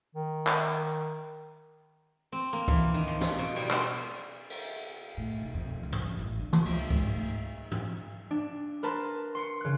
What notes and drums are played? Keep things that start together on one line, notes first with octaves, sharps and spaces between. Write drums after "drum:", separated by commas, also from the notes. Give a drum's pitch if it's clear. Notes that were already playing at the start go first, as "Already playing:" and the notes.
D#3
drum: clap
C4
A#3
E3, drum: kick C#2
D#3
F3
F3, drum: snare
B2
G3, drum: cymbal
C5, drum: clap
drum: cymbal
A2
B1
F2
C#2
drum: tom
F#2
A1
D3
F3, drum: tom
C#2, drum: cymbal
G#3, drum: kick C#2
G#2
A3
drum: tom
D4
A#4 B4 A5 C6, drum: hi-hat
C6 C7 C#7
C#3 F#6